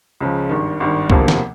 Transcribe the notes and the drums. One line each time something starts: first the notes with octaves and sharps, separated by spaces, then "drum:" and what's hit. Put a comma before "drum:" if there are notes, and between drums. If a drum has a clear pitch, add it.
C#2 C#3 F3
G#1 G2 D#3
G#1 G2 D#3
E1 D2 C3 F3 A#3, drum: kick
drum: snare